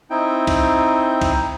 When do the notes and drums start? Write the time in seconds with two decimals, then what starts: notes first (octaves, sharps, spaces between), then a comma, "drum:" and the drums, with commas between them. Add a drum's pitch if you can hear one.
0.10 C4 D#4 E4 G5
0.47 drum: kick C2, cymbal
1.21 drum: kick C2, cymbal